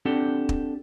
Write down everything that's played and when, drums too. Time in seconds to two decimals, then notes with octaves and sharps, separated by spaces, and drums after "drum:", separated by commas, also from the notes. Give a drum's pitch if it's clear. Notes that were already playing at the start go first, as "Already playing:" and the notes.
0.05 C4 D4 G4 A4 F#5 G5
0.49 drum: kick